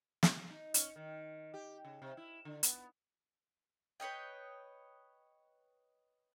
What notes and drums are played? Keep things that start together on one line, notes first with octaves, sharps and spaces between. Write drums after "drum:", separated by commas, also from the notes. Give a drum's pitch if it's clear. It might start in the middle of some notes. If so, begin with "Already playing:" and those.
drum: snare
D#4
C#4, drum: hi-hat
D#3
G4
C#3
C3
E4
D3
B3, drum: hi-hat
B4 C#5 D#5 G5